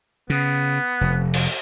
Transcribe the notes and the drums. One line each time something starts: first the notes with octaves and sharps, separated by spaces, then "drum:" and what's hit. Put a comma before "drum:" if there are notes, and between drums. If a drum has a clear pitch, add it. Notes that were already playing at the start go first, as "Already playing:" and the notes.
C#3 B3
F1
drum: cymbal